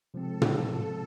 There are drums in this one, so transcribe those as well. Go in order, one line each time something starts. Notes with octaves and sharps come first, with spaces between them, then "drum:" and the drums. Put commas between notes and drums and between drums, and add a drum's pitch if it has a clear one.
C3 F3 G#3 C4 A4
drum: tom